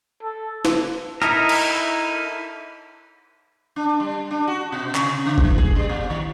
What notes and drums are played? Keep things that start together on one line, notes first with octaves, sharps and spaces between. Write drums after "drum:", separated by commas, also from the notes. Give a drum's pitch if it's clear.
A4
drum: snare
D#4 E4 A4 A#4, drum: rim click
drum: cymbal
D4
G3
D4
F#4
B2
C3, drum: clap
C#3
E3, drum: kick
G#4, drum: kick
G3
A#2
D#3